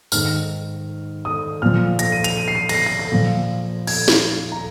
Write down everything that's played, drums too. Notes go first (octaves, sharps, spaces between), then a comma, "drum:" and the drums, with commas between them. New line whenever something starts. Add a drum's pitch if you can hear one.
G#2 D#3 F6, drum: tambourine
D#6
A#2 F3 F6
A#6, drum: hi-hat
D#7
F7, drum: hi-hat
D#7
C7
D#7
A#6, drum: cymbal
C7
A#6
A#6
A#2 F3
G#6, drum: cymbal
drum: snare
A#5